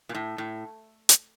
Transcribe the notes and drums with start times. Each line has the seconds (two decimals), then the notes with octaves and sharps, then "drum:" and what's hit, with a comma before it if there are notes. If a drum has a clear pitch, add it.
0.09 A#2
0.15 A2
0.38 A2
1.09 drum: hi-hat